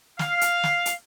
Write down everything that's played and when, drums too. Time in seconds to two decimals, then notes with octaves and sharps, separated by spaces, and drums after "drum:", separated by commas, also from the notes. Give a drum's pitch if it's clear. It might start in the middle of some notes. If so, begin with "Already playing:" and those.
0.19 F5, drum: snare
0.41 drum: hi-hat
0.63 drum: snare
0.86 drum: hi-hat